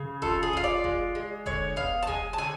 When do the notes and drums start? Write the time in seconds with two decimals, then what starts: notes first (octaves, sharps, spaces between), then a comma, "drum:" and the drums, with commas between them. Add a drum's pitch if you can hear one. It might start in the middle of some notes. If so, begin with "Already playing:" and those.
Already playing: C#3
0.22 F4 A4, drum: kick F1
0.43 G#4
0.53 F4 F5, drum: kick F1
0.64 D5
0.84 G#3, drum: kick F1
1.15 G#3
1.46 D3 C#5, drum: kick F1
1.76 B3 F5, drum: kick F1
2.03 A5
2.07 G#3 G#5, drum: kick F1
2.33 A5
2.38 D3 G#5